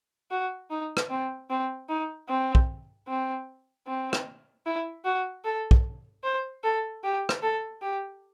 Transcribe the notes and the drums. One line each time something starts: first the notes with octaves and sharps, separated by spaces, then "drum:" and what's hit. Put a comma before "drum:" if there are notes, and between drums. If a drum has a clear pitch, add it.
F#4
D#4
drum: rim click
C4
C4
D#4
C4
drum: kick
C4
C4
drum: rim click
E4
F#4
A4
drum: kick
C5
A4
G4
drum: rim click
A4
G4